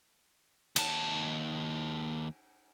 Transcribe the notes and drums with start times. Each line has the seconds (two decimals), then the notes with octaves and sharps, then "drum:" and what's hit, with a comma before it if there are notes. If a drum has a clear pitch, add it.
0.76 D#2 A5, drum: cymbal